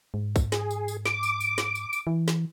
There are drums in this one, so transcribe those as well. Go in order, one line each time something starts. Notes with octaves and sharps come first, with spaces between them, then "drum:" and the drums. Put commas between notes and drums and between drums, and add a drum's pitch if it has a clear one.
G#2
drum: kick, tambourine
G#4, drum: snare
drum: tambourine
drum: tambourine
D6, drum: snare
drum: tambourine
drum: tambourine
drum: snare
drum: tambourine
drum: tambourine
E3
drum: snare